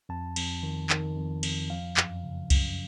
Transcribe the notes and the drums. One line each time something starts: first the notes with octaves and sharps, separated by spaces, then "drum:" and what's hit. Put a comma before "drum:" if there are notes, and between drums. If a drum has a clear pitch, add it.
F2 A5
F2, drum: cymbal
D#3
D#3, drum: clap
F2
F2, drum: cymbal
F3 F5
F#2, drum: clap
C#3
F#2, drum: kick C2, cymbal